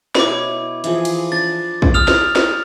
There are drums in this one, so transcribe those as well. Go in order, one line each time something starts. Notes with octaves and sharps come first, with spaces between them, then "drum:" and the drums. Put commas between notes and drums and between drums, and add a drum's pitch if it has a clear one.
B2 E4 C#5 B5 D6, drum: snare
E3 F3 G#4, drum: hi-hat
drum: cymbal
D4 A6
drum: kick
D#6 F6 F7
drum: snare
drum: snare